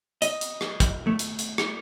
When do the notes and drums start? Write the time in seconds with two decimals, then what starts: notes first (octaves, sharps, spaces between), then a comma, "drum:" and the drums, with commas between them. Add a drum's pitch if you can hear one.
0.22 D#5, drum: hi-hat
0.41 drum: hi-hat
0.61 drum: rim click
0.80 drum: kick, hi-hat
1.07 A3
1.19 drum: hi-hat
1.39 drum: hi-hat
1.58 drum: rim click